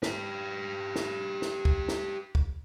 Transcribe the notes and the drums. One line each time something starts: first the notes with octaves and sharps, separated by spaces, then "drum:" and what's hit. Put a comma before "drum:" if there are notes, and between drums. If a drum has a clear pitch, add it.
G4 B4, drum: snare
drum: snare
drum: snare
drum: kick
drum: snare
drum: kick